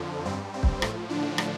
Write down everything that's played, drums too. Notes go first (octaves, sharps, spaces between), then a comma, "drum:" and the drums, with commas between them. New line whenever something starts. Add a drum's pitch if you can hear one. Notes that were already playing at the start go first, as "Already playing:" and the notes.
Already playing: F2 D3 F3
G2 G3 C4
C4
drum: kick
A2 F3 A3, drum: rim click
D3 D4
drum: rim click